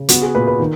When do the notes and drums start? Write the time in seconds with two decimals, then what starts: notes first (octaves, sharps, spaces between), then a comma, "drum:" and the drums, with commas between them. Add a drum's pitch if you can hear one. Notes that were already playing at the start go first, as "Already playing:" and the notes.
Already playing: C#3
0.09 B3 F#4, drum: hi-hat
0.22 G#4
0.35 A#2 B4
0.47 B4
0.60 D#3